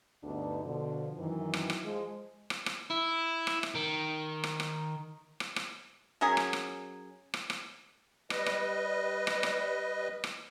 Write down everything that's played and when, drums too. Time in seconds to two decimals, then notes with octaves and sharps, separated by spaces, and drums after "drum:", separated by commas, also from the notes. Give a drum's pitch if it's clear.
0.24 D2 G2 D3 B3 D4 D#4
0.64 B2 D3 F3
1.18 F#2 D#3 E3
1.53 drum: rim click
1.70 drum: rim click
1.83 F3 G#3
2.50 drum: rim click
2.66 drum: rim click
2.91 E4
3.47 drum: rim click
3.63 drum: rim click
3.75 D#3
4.44 drum: rim click
4.60 drum: rim click
5.40 drum: rim click
5.56 drum: rim click
6.21 F#3 C#4 G#4 A#4
6.37 drum: rim click
6.53 drum: rim click
7.34 drum: rim click
7.50 drum: rim click
8.30 G3 B4 D#5, drum: rim click
8.46 drum: rim click
9.27 drum: rim click
9.43 drum: rim click
10.24 drum: rim click